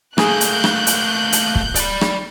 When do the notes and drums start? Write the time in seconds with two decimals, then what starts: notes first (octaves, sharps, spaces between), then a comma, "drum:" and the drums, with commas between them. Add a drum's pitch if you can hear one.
0.18 A3 A#3 G#4 F#6 G6, drum: rim click
0.41 drum: hi-hat
0.64 drum: rim click
0.87 drum: hi-hat
1.32 drum: hi-hat
1.55 drum: kick
1.75 D5 B5, drum: hi-hat
2.01 drum: rim click